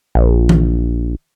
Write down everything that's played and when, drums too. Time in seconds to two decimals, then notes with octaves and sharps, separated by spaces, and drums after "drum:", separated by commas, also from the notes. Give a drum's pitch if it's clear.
0.15 A#1
0.49 drum: tom E3